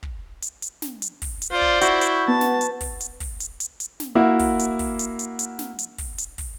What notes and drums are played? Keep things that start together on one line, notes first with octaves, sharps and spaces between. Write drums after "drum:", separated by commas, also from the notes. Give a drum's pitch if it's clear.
drum: kick
drum: hi-hat
drum: hi-hat
drum: snare
drum: hi-hat
drum: kick, open hi-hat
drum: hi-hat
F4 C5 D5
drum: kick
E4 F#4 G6, drum: hi-hat
drum: hi-hat
B3 A5
drum: snare
drum: hi-hat
drum: kick, open hi-hat
drum: hi-hat
drum: kick, open hi-hat
drum: hi-hat
drum: hi-hat
drum: hi-hat
drum: snare
A#3 E4 F#4
drum: kick, open hi-hat
drum: hi-hat
drum: kick, open hi-hat
drum: hi-hat
drum: hi-hat
drum: hi-hat
drum: snare
drum: hi-hat
drum: kick, open hi-hat
drum: hi-hat
drum: kick, open hi-hat